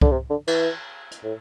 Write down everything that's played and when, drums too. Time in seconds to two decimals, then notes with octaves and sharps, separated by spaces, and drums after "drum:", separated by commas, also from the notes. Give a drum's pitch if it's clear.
0.01 D3, drum: kick C2
0.12 C3
0.30 D3
0.47 E3, drum: cymbal
1.11 drum: hi-hat
1.23 A2